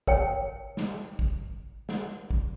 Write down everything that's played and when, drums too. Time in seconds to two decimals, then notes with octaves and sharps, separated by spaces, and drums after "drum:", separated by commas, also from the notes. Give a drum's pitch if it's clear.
0.07 A#4 C#5 G5, drum: kick
0.77 drum: snare
1.19 drum: kick
1.89 drum: snare
2.31 drum: kick